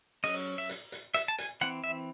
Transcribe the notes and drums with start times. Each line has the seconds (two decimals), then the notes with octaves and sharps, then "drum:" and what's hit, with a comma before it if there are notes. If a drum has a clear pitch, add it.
0.24 F#3 C#4 D#5, drum: open hi-hat
0.58 E5
0.69 drum: hi-hat
0.92 drum: hi-hat
1.14 E5, drum: hi-hat
1.28 A5
1.39 G#5, drum: hi-hat
1.61 E3 C4 F#5
1.84 E5